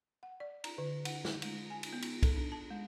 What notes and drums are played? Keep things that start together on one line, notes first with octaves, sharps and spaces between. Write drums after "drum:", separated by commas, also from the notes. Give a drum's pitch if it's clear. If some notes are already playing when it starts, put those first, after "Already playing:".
F#5
D5
A#5, drum: cymbal
D3
F#5, drum: cymbal
drum: snare
G#3, drum: cymbal
G#5
drum: cymbal
B3
drum: cymbal
A4, drum: kick B1, cymbal
D4
A5
G#3